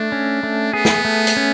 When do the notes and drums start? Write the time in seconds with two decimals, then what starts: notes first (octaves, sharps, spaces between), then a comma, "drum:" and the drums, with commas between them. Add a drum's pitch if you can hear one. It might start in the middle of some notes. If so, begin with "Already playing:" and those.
Already playing: A3 D4
0.12 C#4
0.43 A3
0.73 B3 G#4
0.85 drum: snare
1.05 A3
1.27 drum: hi-hat
1.37 C#4